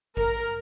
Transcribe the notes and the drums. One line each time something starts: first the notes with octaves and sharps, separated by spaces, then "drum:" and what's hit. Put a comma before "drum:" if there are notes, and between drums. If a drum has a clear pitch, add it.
A#4, drum: kick A1